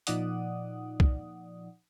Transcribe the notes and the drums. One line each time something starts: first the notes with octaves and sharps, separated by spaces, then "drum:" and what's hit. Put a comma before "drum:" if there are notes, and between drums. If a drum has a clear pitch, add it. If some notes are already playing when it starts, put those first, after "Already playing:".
A#2 F3 D#4 D5 F#5 D#6, drum: hi-hat
drum: kick